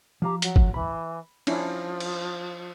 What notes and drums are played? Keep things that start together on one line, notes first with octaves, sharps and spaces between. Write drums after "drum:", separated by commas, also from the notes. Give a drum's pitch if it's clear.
F3 G4 F5 A#5
F#3, drum: hi-hat
drum: kick
E3 B5
F3 C#4 D4 E4, drum: cymbal
drum: cymbal